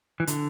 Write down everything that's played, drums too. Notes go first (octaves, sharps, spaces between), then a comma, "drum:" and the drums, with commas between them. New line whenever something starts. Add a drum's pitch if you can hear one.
E3
D3, drum: hi-hat